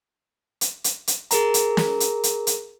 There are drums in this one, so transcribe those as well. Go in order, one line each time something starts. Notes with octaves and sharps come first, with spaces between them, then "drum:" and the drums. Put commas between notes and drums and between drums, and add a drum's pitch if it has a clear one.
drum: hi-hat
drum: hi-hat
drum: hi-hat
G#4 A#4 A#5, drum: hi-hat
drum: hi-hat
drum: snare
drum: hi-hat
drum: hi-hat
drum: hi-hat